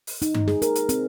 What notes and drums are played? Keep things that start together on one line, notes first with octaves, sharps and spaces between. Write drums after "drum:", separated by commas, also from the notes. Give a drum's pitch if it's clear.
drum: open hi-hat
D#4, drum: hi-hat
drum: tom G2
G#4, drum: snare
A#4, drum: hi-hat
drum: hi-hat
C4, drum: hi-hat